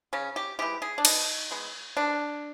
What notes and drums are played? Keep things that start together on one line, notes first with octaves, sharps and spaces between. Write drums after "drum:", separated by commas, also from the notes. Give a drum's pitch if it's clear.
C#3 C#4
G4
E3 G#3 G4
G#4
D4
B2 D#4, drum: cymbal
G#3 B3
B2 D4